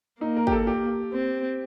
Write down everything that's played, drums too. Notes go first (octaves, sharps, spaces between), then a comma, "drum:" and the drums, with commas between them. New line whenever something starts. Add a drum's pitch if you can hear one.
A#3 D#4
A#4
G4, drum: kick G#1
A4
G4
C4